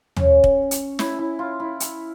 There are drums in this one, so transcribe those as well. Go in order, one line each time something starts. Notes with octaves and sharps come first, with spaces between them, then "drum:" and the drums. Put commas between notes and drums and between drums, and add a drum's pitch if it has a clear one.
C#4, drum: tom
drum: kick
drum: hi-hat
E4, drum: snare
E4
F4
E4
drum: hi-hat